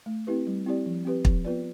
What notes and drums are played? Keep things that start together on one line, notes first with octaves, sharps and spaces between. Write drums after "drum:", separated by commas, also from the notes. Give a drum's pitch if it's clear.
A3
C4 E4 G4 B4
G3
C4 E4 G4 D5
F3
C4 G4 B4
F3, drum: kick
B3 F4 B4 D5